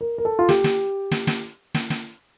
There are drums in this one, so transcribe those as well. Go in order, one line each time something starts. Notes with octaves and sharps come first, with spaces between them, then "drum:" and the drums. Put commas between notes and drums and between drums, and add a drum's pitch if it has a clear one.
A#4
A#4
A4
F4
G4, drum: snare
drum: snare
drum: snare
drum: snare
drum: snare
drum: snare